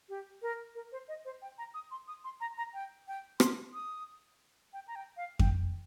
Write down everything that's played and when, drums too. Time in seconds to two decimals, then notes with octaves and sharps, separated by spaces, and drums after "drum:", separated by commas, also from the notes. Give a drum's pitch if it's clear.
0.09 G4
0.42 A#4
0.75 A#4
0.92 C5
1.08 D#5
1.25 C5
1.42 G5
1.58 A#5
1.74 D#6
1.91 C6
2.08 D#6
2.24 C6
2.41 A#5
2.57 A#5
2.74 G5
3.08 G5
3.40 C6, drum: rim click
3.74 D#6
4.73 G5
4.88 A#5
4.96 G5
5.17 F5
5.39 G5, drum: kick F2